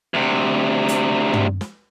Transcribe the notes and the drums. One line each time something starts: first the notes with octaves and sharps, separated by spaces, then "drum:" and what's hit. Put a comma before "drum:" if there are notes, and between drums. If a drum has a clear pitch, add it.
D2 C3
drum: hi-hat
drum: tom
drum: snare